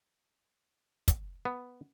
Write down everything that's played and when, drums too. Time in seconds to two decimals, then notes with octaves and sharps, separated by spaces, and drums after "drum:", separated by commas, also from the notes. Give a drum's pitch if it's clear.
1.08 drum: kick, hi-hat
1.45 B3